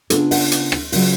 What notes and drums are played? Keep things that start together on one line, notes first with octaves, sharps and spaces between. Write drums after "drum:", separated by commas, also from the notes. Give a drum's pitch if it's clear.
C#3 G#3 B3 D4 F4 A4, drum: hi-hat
F#5, drum: open hi-hat
drum: hi-hat
drum: rim click
C#3 F#3 C#4 F4, drum: open hi-hat